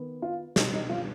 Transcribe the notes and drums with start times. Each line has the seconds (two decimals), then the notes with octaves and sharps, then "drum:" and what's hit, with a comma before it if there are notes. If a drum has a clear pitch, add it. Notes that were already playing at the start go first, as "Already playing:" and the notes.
Already playing: D#3 B3
0.22 F4
0.56 B2 G3 B3 D#4, drum: snare
0.73 D#4
0.90 F4